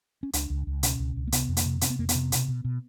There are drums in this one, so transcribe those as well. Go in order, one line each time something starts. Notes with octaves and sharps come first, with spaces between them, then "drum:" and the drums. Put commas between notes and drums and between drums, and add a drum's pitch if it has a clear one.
C#4
C#2 D4, drum: hi-hat
C#2
C#2
B2 C#4, drum: hi-hat
C#2
C#2
A#3
C3 B3, drum: hi-hat
F2
A#3, drum: hi-hat
C3
C3 C4, drum: hi-hat
B3
F2 A#3
B3, drum: hi-hat
C3
B2, drum: hi-hat
B2
B2